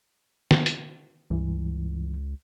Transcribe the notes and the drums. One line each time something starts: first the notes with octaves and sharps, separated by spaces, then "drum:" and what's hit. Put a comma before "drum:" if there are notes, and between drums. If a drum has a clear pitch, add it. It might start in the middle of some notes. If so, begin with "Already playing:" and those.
drum: snare
drum: hi-hat
C#2 G2 E3